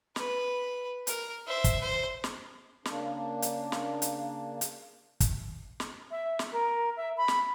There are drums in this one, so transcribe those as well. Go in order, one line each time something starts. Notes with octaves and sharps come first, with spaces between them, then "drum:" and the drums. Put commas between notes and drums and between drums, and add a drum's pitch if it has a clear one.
B4, drum: snare
A#4, drum: hi-hat
C5 E5
drum: kick, hi-hat
C5
drum: snare
C#3 A#3 D4, drum: snare
drum: hi-hat
drum: snare
drum: hi-hat
drum: hi-hat
drum: kick, hi-hat
drum: snare
E5
drum: snare
A#4
E5
B5
drum: snare